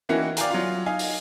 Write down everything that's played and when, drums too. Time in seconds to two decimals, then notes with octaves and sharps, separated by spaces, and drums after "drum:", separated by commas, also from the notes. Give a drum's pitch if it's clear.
0.09 D#3 E3 A#3 C#4 E4 F#4
0.37 D5 F5 G5 G#5 A#5, drum: hi-hat
0.51 F#3 F4
0.86 D#4 D#5 F5 G#5
0.99 drum: open hi-hat